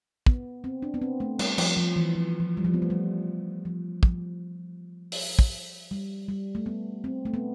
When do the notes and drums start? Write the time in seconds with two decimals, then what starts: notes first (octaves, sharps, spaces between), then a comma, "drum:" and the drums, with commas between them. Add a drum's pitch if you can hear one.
0.26 B3, drum: kick
0.64 C4
0.82 D4
0.94 B3
1.02 C4
1.20 A3
1.39 G3, drum: cymbal
1.58 F3, drum: cymbal
1.77 F3
1.96 E3
2.15 F3
2.40 F3
2.57 G3
2.65 F3
2.74 B3
2.82 A3
2.90 G3
3.65 F3
4.03 F3, drum: kick
5.12 drum: open hi-hat
5.39 drum: kick
5.91 G3
6.29 G3
6.55 A3
6.66 B3
7.04 C4
7.25 A3
7.34 B3